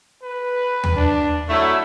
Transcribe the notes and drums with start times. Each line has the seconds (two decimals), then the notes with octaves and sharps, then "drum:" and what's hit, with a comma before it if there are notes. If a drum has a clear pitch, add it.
0.23 B4
0.84 drum: tom
0.96 D4
1.49 F#3 A3 E4